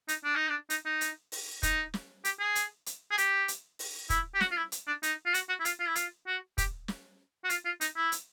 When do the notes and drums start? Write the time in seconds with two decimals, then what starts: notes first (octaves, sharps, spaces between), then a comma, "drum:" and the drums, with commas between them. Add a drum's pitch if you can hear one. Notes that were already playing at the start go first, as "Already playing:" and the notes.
0.08 D#4, drum: hi-hat
0.24 D4
0.36 D#4
0.49 D4
0.70 D#4, drum: hi-hat
0.85 D#4
1.01 drum: hi-hat
1.32 drum: open hi-hat
1.63 D#4, drum: kick, hi-hat
1.94 drum: snare
2.25 G4, drum: hi-hat
2.39 G#4
2.55 drum: hi-hat
2.86 drum: hi-hat
3.11 G#4
3.18 G4, drum: hi-hat
3.48 drum: hi-hat
3.79 drum: open hi-hat
4.10 E4, drum: kick, hi-hat
4.35 G4
4.41 F#4, drum: snare
4.51 F4
4.57 E4
4.72 drum: hi-hat
4.87 D4
5.03 D#4, drum: hi-hat
5.25 F4
5.34 F#4, drum: hi-hat
5.49 F#4
5.60 E4
5.65 F4, drum: hi-hat
5.80 F4
5.88 E4
5.96 F4, drum: hi-hat
6.27 F#4
6.58 G4, drum: kick, hi-hat
6.88 drum: snare
7.44 F#4
7.50 F4, drum: hi-hat
7.65 F4
7.81 D#4, drum: hi-hat
7.96 E4
8.12 drum: hi-hat